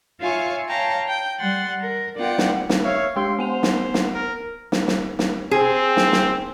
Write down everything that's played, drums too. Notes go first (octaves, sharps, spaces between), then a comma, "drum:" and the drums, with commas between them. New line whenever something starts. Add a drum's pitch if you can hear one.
F4 C#5 E5 F5 G#5 C#6
C#5 F5 G5 A5 A#5
G5 G6
G3 F#5 C6 A6
A#4
B3 F4 D5 F#5 G5
drum: snare
drum: snare
C#5 E5 F5
G#3 G4 G5 C6
B3 C5 F#5 F7
drum: snare
drum: snare
A#4
drum: snare
drum: snare
drum: snare
C4 G#4
drum: snare
drum: snare